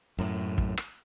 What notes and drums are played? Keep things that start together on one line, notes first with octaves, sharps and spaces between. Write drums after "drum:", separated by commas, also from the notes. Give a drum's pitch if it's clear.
F#2 A2
drum: kick
drum: rim click